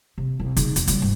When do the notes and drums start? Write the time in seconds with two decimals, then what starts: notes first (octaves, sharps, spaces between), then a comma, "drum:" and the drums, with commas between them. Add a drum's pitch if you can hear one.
0.18 C3
0.39 C2
0.57 C#3 D#4, drum: hi-hat
0.76 E2, drum: hi-hat
0.88 C#3 G3, drum: hi-hat
1.02 G#2